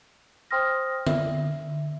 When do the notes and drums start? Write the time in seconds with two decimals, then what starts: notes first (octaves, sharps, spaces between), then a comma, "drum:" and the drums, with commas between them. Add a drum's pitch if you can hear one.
0.51 C5 G5 C6 D#6 F6 A#6
1.07 E5, drum: tom D3